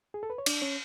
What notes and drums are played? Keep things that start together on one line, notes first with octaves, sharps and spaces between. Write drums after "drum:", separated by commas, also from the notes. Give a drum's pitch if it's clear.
G#4
A4
B4
C#5
D4 D5, drum: cymbal
C#4 C#5